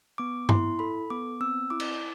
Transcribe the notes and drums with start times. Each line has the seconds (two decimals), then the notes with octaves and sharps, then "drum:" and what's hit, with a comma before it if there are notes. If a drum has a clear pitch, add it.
0.18 B3 D6
0.49 E4 C6, drum: tom G2
0.79 A4 B5
1.10 B3 D6
1.41 C4 E6
1.70 E4 D6
1.80 drum: cymbal